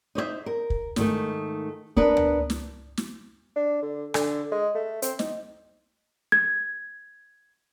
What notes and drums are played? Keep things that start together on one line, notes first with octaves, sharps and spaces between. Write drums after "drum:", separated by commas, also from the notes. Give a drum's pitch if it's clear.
D#4 C5 C#5 E5
A#4
drum: kick
G#2 D#3 A3, drum: snare
B3 D4 A#4 B4, drum: kick
drum: tom D2
drum: snare
drum: snare
D4
D3
D3, drum: rim click
G#3
A3
C4, drum: hi-hat
D#4, drum: snare
G#6